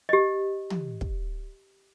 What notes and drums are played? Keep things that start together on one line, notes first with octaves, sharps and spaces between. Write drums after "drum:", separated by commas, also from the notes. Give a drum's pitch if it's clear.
G4 D#5
drum: tom
drum: kick